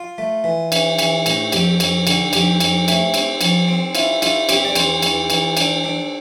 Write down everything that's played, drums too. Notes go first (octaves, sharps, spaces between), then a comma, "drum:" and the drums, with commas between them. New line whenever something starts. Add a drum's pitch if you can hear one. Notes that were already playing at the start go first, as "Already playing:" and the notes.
Already playing: F4
A3
E3
E3, drum: cymbal
E3, drum: cymbal
A2, drum: cymbal
F2 G4, drum: cymbal
F2, drum: cymbal
D3, drum: cymbal
F2 G4, drum: cymbal
F2, drum: cymbal
A3, drum: cymbal
C4, drum: cymbal
F3, drum: cymbal
C4
E4 F4, drum: cymbal
E4 F4, drum: cymbal
C4 G4, drum: cymbal
D5
E2 C5, drum: cymbal
E2, drum: cymbal
E2, drum: cymbal
D4, drum: cymbal
D4